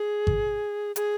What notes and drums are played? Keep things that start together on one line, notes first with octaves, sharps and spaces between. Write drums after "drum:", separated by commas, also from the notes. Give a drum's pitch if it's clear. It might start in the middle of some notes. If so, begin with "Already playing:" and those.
Already playing: G#4
drum: kick G#1
G#4, drum: hi-hat